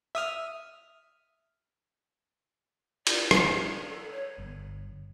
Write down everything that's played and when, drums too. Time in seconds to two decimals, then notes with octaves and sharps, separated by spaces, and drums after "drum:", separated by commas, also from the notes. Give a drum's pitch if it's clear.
0.15 E5 D#6 F6
3.07 D5, drum: cymbal
3.31 A#4, drum: rim click
3.88 A4
4.11 C#5
4.38 G1